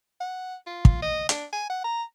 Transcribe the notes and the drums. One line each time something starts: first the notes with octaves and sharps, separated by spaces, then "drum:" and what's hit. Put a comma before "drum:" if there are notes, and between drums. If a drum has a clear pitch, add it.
F#5
F4
drum: kick
D#5
D4, drum: hi-hat
G#5
F#5
A#5